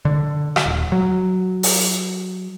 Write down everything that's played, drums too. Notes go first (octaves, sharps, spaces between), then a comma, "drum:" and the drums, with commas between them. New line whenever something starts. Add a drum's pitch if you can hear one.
D3
drum: rim click
D#1
F#3
drum: open hi-hat